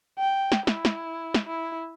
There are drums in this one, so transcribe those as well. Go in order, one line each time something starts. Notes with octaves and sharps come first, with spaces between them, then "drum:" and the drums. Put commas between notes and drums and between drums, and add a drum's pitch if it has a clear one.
G5
drum: snare
E4, drum: snare
drum: snare
drum: snare
E4